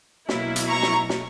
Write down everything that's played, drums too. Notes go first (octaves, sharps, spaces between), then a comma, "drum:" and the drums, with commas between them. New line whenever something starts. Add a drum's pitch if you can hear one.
B2 F#3 A#3 E4, drum: snare
drum: hi-hat
A#5 C#6
drum: snare
drum: snare